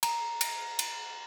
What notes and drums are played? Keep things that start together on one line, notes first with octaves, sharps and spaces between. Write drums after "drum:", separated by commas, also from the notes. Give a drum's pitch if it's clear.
A#5, drum: cymbal
drum: cymbal
drum: cymbal